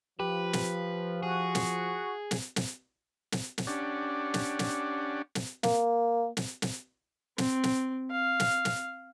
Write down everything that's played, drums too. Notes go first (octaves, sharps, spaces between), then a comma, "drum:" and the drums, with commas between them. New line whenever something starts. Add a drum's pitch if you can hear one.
F3 G4 B4
drum: snare
F#4 G#4
drum: snare
drum: snare
drum: snare
drum: snare
drum: snare
C#4 D4 G4 D5 F#5
drum: snare
drum: snare
drum: snare
A#3, drum: snare
drum: snare
drum: snare
C4, drum: snare
drum: snare
F5
drum: snare
drum: snare